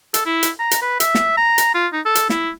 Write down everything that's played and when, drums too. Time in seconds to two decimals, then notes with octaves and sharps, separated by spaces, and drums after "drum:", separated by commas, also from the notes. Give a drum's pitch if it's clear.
0.14 A4, drum: hi-hat
0.26 E4
0.43 drum: hi-hat
0.59 A#5
0.71 drum: hi-hat
0.82 B4
1.00 E5, drum: hi-hat
1.15 drum: snare
1.37 A#5
1.58 drum: hi-hat
1.75 F4
1.93 D#4
2.05 A4
2.15 drum: hi-hat
2.29 E4, drum: snare